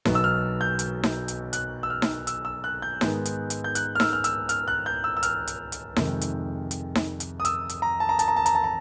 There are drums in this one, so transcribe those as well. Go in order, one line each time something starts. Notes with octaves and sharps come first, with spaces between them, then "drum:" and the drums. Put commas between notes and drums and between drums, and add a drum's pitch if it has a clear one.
B1 B2 F#3 B3, drum: snare D#4
E6
F6
G6
drum: hi-hat
drum: snare D#4
drum: hi-hat
F#6, drum: hi-hat
E6
F6
drum: snare D#4
E6, drum: hi-hat
E6
F#6
G6
G#2 D#3 G#3 B3, drum: snare D#4
drum: hi-hat
drum: hi-hat
G6
F#6, drum: hi-hat
F6
E6, drum: snare D#4
F6
E6, drum: hi-hat
F6, drum: hi-hat
F#6
G6
E6
E6
F6, drum: hi-hat
drum: hi-hat
drum: hi-hat
F2 C3 D#3 G#3, drum: snare D#4
drum: hi-hat
drum: hi-hat
drum: snare D#4
drum: hi-hat
D#6
E6, drum: hi-hat
drum: hi-hat
A#5
A5
A#5
A5, drum: hi-hat
A#5
A5
A#5, drum: hi-hat
A5
A#5